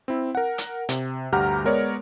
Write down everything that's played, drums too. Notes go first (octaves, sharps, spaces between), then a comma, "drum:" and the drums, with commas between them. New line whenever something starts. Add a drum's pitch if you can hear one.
C4 E4
A#4 F#5
drum: hi-hat
C3, drum: hi-hat
D2 G2 G4 F#5 A#5 F6
G#3 B3 A#4 C#5 D5